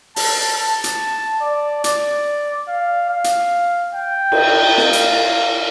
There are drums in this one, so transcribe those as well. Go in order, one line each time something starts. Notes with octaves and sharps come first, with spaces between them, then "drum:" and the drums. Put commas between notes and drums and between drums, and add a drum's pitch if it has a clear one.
A5, drum: open hi-hat
A5
drum: hi-hat
D5
D5, drum: hi-hat
F5
F5
drum: hi-hat
G5
drum: cymbal
F5, drum: snare
drum: hi-hat